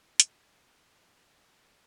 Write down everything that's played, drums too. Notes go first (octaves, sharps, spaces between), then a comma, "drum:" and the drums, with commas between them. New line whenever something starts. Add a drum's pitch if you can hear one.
A#2 D3 G3 A#3, drum: hi-hat
A2 D3 G3 A#3
D3 G3 A#3
D3 G3 A#3